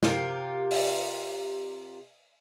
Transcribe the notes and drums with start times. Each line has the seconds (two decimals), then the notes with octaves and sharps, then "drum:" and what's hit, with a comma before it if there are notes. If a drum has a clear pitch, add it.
0.03 C3 F4 G4 A#4, drum: snare
0.71 drum: open hi-hat